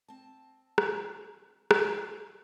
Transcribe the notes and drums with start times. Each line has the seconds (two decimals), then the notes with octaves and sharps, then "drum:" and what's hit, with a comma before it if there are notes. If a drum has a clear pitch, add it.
0.08 C4 A5
0.78 drum: rim click
1.71 drum: rim click